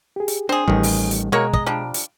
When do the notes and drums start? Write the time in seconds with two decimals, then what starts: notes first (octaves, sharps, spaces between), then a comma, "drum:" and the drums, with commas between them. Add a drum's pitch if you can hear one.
0.16 G4 G#4
0.28 drum: hi-hat
0.49 C4 D4 G#4 C5
0.68 A1 D#3 G3, drum: kick
0.83 drum: open hi-hat
1.11 drum: hi-hat
1.32 B2 G#3 A#3 F#4 C#5 A#5
1.53 D#5, drum: kick
1.66 F3 G3 D4
1.94 drum: hi-hat